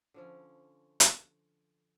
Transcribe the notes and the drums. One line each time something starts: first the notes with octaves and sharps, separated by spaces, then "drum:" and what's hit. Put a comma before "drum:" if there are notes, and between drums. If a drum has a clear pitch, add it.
D3 F3 C#4
drum: hi-hat